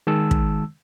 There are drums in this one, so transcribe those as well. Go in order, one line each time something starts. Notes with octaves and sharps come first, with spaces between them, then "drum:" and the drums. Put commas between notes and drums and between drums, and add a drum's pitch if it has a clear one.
D#3 G#3 A5 E6
drum: kick